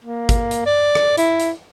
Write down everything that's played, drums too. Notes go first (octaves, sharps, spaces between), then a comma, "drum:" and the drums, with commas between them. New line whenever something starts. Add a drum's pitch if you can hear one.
A#3
drum: kick, hi-hat
drum: hi-hat
D5
drum: rim click
E4, drum: hi-hat
drum: hi-hat